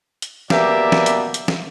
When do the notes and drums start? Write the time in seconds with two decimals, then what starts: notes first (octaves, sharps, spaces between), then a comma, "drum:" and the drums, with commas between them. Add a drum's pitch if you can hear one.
0.22 drum: hi-hat
0.50 B2 A#3 B3 G4 D5 E5, drum: snare
0.92 drum: snare
1.06 drum: hi-hat
1.34 drum: hi-hat
1.48 drum: snare